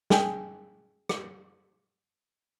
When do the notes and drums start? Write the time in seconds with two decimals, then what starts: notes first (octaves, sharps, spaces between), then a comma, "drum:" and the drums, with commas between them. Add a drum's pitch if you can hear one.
0.10 G#4 G5, drum: snare
1.09 drum: rim click